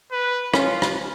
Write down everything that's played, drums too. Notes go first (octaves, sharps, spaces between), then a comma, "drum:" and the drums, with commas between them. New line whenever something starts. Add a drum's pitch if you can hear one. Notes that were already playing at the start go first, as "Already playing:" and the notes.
B4
C#4 F4, drum: rim click
drum: rim click